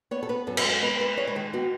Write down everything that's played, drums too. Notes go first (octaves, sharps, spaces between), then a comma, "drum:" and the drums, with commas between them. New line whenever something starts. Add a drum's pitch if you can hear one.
B3 C#5
A4
B3 B4
F#2 A4
B4, drum: cymbal
G#3 A4
B3 B4
G#3 B4
G#3 C#5
B4
D#3 A4
B3 F#4